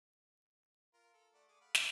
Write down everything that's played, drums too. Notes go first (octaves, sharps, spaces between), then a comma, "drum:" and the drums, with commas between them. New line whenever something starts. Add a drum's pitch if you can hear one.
F4 A#4
A4
A3 D5 F#5
A3 G#4 D6
F5 F#5 B5
F#5, drum: snare